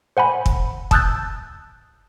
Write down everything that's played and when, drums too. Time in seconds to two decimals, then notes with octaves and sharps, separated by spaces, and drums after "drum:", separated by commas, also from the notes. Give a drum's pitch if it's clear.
0.17 C5 F#5 G#5 B5
0.46 drum: kick
0.91 A5 D#6 E6 F#6 G6 A6, drum: kick